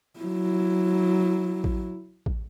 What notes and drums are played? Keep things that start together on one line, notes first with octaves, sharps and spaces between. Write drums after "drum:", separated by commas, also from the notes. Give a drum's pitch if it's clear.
F#3 E4
drum: kick A1
drum: kick A1